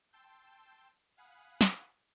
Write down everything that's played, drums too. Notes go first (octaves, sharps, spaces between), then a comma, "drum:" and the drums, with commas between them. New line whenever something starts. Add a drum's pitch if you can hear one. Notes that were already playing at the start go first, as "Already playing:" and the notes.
G5 A5 C6 E6 G6
F5 F#5 G#5 B5 D#6 F#6
drum: snare